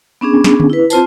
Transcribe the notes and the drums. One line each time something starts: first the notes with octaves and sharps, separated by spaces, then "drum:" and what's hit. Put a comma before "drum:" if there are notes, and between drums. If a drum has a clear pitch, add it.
B3 C#4 D4 G#4
drum: snare
drum: tom D3
E4 B4
C4 F4 C5 A5, drum: tambourine